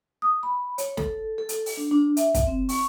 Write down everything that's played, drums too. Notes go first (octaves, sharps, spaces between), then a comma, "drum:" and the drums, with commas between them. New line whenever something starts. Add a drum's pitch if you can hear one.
D#6
B5
C#5, drum: hi-hat
A4, drum: snare
A4
drum: hi-hat
drum: open hi-hat
D4
D4
E5, drum: hi-hat
drum: kick, hi-hat
C4
C#6, drum: open hi-hat